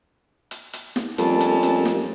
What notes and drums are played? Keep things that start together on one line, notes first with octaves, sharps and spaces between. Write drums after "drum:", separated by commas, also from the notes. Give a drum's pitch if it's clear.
drum: hi-hat
drum: hi-hat
drum: snare
F2 G3 A3 A#3 C#4 D4 A5, drum: hi-hat
drum: hi-hat
drum: hi-hat
drum: snare